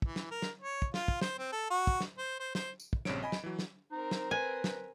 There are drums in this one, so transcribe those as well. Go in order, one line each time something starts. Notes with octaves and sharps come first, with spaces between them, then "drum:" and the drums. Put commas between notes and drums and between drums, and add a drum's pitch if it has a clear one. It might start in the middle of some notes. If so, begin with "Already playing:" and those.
E3, drum: kick
drum: snare
A#4
drum: snare
C#5
drum: kick
F4, drum: snare
drum: kick
C5, drum: snare
C4
A4
F#4
drum: kick
drum: snare
C5
C5
C5, drum: snare
drum: tambourine
drum: kick
A#1 G2 C#3 C4 C#5 D7, drum: snare
D#5 G#5 B5
drum: snare
E3 F#3
drum: snare
C4 D#4 A#4
drum: snare
B4 G#5
drum: snare